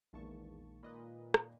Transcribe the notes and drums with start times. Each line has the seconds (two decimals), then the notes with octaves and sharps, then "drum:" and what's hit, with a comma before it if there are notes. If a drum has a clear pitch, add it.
0.13 A#1 E2 D#3 G#3 A#3 A5 C#6
0.83 A#2 B4 D#5 B5
1.34 drum: rim click